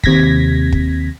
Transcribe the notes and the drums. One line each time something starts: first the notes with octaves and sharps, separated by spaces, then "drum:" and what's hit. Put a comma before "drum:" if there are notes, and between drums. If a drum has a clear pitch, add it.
D#2 C3 G#6 A#6 B6, drum: kick
drum: kick